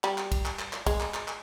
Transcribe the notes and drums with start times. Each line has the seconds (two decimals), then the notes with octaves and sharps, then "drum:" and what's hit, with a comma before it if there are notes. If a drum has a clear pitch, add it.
0.04 G3, drum: clap
0.18 drum: clap
0.32 drum: kick, cymbal
0.45 drum: clap
0.59 drum: clap
0.73 drum: clap
0.86 G#3, drum: kick, cymbal
1.00 drum: clap
1.14 drum: clap
1.28 drum: clap